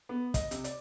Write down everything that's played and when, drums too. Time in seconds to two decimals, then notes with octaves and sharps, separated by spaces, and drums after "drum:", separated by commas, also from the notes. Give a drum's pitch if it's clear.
0.09 B3
0.34 D#5, drum: kick, hi-hat
0.51 C3, drum: hi-hat
0.64 D5, drum: hi-hat